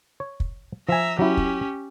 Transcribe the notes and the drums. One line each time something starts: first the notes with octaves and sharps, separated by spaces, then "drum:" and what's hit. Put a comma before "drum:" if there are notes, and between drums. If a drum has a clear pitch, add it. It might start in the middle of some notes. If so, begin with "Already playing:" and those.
C#5
drum: kick
F3 E5 G#5 A#5
F#3 C#4 E4 G4
drum: kick